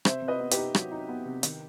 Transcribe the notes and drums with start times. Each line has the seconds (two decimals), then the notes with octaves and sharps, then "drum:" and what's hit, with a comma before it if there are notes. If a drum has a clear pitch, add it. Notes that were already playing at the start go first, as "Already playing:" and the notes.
0.05 C3 C5 E5, drum: rim click
0.22 C3
0.28 B4 D#5
0.40 B3
0.51 G4 B4, drum: hi-hat
0.57 D#4
0.75 F#3, drum: rim click
0.91 D#4
1.09 B3
1.26 C3
1.43 D#3, drum: hi-hat